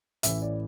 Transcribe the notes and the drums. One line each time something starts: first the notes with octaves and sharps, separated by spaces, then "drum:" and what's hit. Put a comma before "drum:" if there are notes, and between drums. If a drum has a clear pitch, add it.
A1 A2 E3 E5, drum: hi-hat
D5